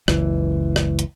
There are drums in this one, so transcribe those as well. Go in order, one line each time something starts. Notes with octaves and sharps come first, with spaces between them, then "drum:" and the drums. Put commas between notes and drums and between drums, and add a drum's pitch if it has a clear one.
F#1 C#2 E3, drum: rim click
drum: rim click
drum: hi-hat